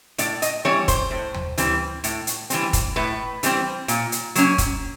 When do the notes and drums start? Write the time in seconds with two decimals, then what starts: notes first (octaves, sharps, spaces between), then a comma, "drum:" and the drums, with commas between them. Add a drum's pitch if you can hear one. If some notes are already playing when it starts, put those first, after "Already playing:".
0.18 A2 D5, drum: hi-hat
0.42 D#5, drum: hi-hat
0.65 E3 G3 C4 C#5
0.88 C5, drum: kick, hi-hat
1.11 A2
1.34 drum: tom D#2
1.58 E3 G3 C4, drum: hi-hat
2.04 A2, drum: hi-hat
2.27 drum: hi-hat
2.50 E3 G3 C4, drum: hi-hat
2.73 drum: kick, hi-hat
2.96 A2 B4
3.43 E3 G3 C4, drum: hi-hat
3.88 A#2, drum: hi-hat
4.12 drum: hi-hat
4.35 F#3 A#3 C#4, drum: hi-hat
4.58 drum: kick, hi-hat